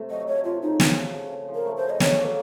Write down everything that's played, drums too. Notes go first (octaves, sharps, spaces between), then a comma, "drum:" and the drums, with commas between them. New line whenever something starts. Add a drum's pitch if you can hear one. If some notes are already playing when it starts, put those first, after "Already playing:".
Already playing: C3 A3
F#3 D#5
A3 C#5
C3 F4
C#3 D#4
F3, drum: snare
A3
C#3
C#3
F3
A#4
A3
C5
C#3
D#5
F#3 C#5, drum: snare
A#3
A4